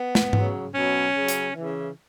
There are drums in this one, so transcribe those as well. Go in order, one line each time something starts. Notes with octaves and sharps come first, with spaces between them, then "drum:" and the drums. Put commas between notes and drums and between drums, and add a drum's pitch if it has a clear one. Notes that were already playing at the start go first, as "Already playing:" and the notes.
Already playing: B3
drum: snare
C#3 F#3, drum: tom G#2
B2 F#3 C#4
C#3 F#3
drum: hi-hat
C#3 E3